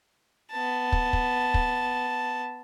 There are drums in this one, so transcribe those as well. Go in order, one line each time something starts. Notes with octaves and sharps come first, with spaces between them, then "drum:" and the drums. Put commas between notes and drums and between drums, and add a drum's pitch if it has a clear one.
B3 A5
drum: kick
drum: kick
drum: kick